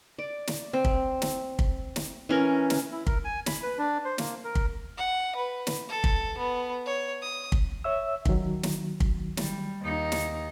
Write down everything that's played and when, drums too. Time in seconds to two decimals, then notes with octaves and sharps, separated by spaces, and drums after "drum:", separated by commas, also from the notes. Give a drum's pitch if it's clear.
0.19 D5
0.47 drum: snare
0.73 C4
0.85 drum: kick
1.22 drum: snare
1.59 drum: kick
1.96 drum: snare
2.29 E3 C#4 A#4
2.70 drum: snare
2.92 E4
3.07 A#4, drum: kick
3.25 G#5
3.46 B5, drum: snare
3.63 B4
3.78 D4
4.05 C5
4.18 A#3, drum: snare
4.44 A#4
4.55 drum: kick
4.97 F#5
5.35 B4
5.67 drum: snare
5.89 A4
6.04 drum: kick
6.38 B3
6.86 C#5
7.21 D#6
7.52 drum: kick
7.84 C#5 E5 E6
8.25 D#3 F#3, drum: kick
8.63 drum: snare
9.00 drum: kick
9.37 G3, drum: snare
9.82 D#2 D#4
10.12 drum: snare